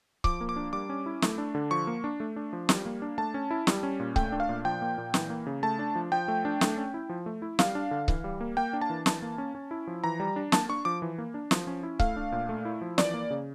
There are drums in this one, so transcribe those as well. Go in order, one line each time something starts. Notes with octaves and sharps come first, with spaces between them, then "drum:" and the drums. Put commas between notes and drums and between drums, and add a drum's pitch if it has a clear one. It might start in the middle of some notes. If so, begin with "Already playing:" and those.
F3 D6, drum: kick C#1
A#3
D6
D4
G3 D6
C#4
E4
A3, drum: snare
D4
D3
F3 C#6
A#3
D4
A3
D4
F3
G3, drum: snare
A#3
D4
A3 A5
C#4
E4
G3, drum: snare
C#4
A#2
A3 G5, drum: kick C#1
D4
F5
A#2
F3 G5
A#3
A#2
E3, drum: snare
A#3
C#3
A3 A5
D4
F3
F3 G5
A3
D4
A3, drum: snare
C#4
E4
F3
A3
E4
G3 F5, drum: snare
D4
D3
E3, drum: kick C#1
G3
A#3
A#3 G5
D4
A5
E3
E3 A5, drum: snare
A#3
C#4
C#4
E4
F3
E3 A#5
G3
D4
A#3 A5, drum: snare
D4 C#6
F3 D6
E3
A#3
D4
F3, drum: snare
C#4
E4
A3 F5, drum: kick C#1
D4
A#2
A3
E4
F3
E3 D5, drum: snare
A#3
C#3